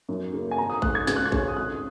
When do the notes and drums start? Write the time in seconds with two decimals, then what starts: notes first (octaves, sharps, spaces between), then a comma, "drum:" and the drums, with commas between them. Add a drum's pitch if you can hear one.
0.09 F#2
0.33 C#3 A#3
0.51 G#5
0.58 G#1 A#5
0.70 D#6
0.82 G#2 G#3 F#6, drum: kick A1
0.95 G#6
1.07 C#2 G#6, drum: snare
1.16 F#6
1.25 G#6
1.32 C#3 G#3 C#4, drum: kick A1
1.48 D#6
1.56 G#1 F#6